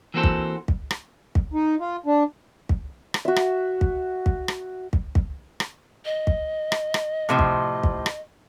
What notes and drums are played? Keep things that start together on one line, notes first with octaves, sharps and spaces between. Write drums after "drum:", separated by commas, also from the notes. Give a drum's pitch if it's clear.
E3 A#3 C4 F#4 A4 C5
drum: kick
drum: kick
drum: rim click
drum: kick
D#4
F4
D4
drum: kick
drum: rim click
F#4 E5
drum: rim click
drum: kick
drum: kick
drum: rim click
drum: kick
drum: kick
drum: rim click
D#5
drum: kick
drum: rim click
drum: rim click
A2 C3 F3
drum: kick
drum: kick
drum: rim click